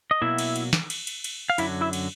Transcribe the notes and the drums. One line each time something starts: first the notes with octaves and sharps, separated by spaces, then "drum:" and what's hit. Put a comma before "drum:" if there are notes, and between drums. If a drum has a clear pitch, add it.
D#5
B2 F#3 A#3 E4 E5
drum: cymbal
drum: cymbal
drum: snare
drum: cymbal
drum: cymbal
drum: cymbal
F5
F#2 D3 F#3 E4 E5, drum: cymbal
E4 E5
drum: cymbal